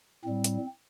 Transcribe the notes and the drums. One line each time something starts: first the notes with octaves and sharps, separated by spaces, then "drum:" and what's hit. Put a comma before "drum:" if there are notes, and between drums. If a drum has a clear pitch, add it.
A2 G3 C4
drum: hi-hat